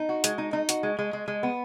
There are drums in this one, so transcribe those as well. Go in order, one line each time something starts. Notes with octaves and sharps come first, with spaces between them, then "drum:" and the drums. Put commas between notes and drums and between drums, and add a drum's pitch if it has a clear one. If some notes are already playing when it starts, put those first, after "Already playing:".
Already playing: D#4
F#4
G#3, drum: hi-hat
D#4
D#4
F#4, drum: hi-hat
G#3
G#3
G#3
G#3
B3